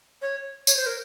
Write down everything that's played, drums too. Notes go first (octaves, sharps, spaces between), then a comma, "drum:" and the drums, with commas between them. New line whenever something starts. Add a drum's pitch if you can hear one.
C#5
C#5, drum: tambourine
C5
A#4